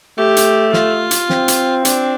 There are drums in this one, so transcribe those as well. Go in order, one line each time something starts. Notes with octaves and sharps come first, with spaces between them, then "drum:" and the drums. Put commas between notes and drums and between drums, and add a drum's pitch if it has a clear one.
A3 G4
drum: hi-hat
F4, drum: snare
drum: hi-hat
C4, drum: snare
drum: hi-hat
D4, drum: hi-hat